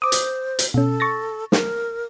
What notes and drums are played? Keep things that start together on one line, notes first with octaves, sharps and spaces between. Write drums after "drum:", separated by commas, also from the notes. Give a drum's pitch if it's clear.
C5 D6 D#6
drum: hi-hat
drum: hi-hat
B2 C#4 A4
C#6 A6 A#6
A#4, drum: snare